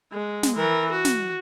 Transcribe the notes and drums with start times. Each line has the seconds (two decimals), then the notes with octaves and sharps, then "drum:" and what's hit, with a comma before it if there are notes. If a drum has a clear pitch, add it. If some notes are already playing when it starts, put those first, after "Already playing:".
0.12 G#3
0.43 drum: snare
0.56 E3 A#4
0.92 F#4
1.05 drum: snare